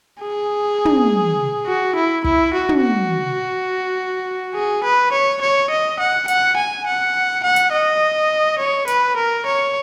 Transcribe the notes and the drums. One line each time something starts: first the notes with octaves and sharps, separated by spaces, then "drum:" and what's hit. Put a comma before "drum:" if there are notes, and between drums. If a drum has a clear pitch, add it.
G#4
drum: tom
F#4
E4
E4, drum: kick
F#4
drum: tom
F#4
G#4
B4
C#5
C#5
D#5
F#5
F#5, drum: hi-hat
G#5
F#5
F#5
drum: hi-hat
D#5
C#5
B4, drum: hi-hat
A#4
C#5